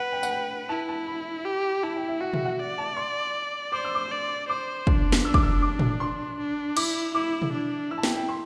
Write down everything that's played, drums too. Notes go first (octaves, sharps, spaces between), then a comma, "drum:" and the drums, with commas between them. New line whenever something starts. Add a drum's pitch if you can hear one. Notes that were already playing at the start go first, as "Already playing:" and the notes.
Already playing: B4 F#5
G5
F#5, drum: tambourine
G5
E4 A5
A5
B5
G4
E4 A5
G5
E5
F#4 F#5
E5, drum: tom B2
F#5
D5
A5
C6
C5 D6
E6
D6
D5
C5 D6
D4, drum: kick
drum: snare
D4 E6
D6, drum: kick
E6
D6
drum: tom A2
C6
D4
E4 D6, drum: cymbal
E4 D6
drum: tom B2
D4
E4 E6
A5
G5, drum: snare
G5
C6